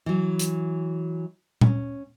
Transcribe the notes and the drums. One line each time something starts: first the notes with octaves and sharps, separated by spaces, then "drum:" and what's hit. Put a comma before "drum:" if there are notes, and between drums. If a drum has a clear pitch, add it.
E3 F#3
drum: hi-hat
C#4, drum: tom A#2